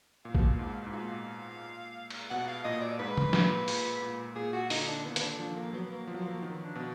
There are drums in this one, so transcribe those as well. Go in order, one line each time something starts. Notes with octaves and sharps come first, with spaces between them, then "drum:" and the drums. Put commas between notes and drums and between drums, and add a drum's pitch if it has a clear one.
A#2 F5
B2, drum: kick A#1
A#2
G#2
G#2
A#2 F5
drum: cymbal
B2 F#5
F5
A#2 D#5
D5
G#2 B4
drum: tom
A#2, drum: snare
A#2, drum: open hi-hat
A#2
A#2 G#4
F#4
D3 D#4, drum: open hi-hat
D4
D#3 B3
B3, drum: hi-hat
D4
F3 D4
A#3
F#3 B3
A#3
F3 B3
F#3
F3 A#3
D#3 B3
D4
B2